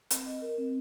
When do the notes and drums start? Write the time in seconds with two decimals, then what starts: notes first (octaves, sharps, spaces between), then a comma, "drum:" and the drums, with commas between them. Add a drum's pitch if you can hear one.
0.10 C4, drum: hi-hat
0.26 D#5
0.42 A#4
0.58 C4